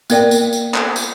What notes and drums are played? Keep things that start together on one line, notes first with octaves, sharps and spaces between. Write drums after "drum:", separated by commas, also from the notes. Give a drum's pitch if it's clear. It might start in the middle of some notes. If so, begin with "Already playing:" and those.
A#3 B3 A#4 D5 G5, drum: tambourine
drum: tambourine
drum: tambourine
drum: clap
drum: tambourine